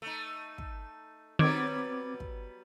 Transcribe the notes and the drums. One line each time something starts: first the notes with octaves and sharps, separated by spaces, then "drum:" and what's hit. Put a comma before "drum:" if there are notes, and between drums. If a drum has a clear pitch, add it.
A3 D#4
drum: kick
D#3 F#3 G3 B3 C4 D6 G#6
drum: kick